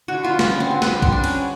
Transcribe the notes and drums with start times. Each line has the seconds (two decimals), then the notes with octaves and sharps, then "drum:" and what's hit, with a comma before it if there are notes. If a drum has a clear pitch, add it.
0.08 D3 F#4
0.23 B3 F4
0.39 D3 B3, drum: snare
0.50 C#4
0.55 G3
0.60 C4
0.71 D3
0.82 D3 B3, drum: snare
1.02 B3 C4, drum: kick
1.12 D4
1.18 G3
1.24 C#4, drum: cymbal
1.34 D3